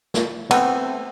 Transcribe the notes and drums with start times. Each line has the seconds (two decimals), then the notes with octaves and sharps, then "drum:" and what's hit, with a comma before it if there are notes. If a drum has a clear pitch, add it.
0.14 drum: snare
0.51 A3 B3 C4, drum: cymbal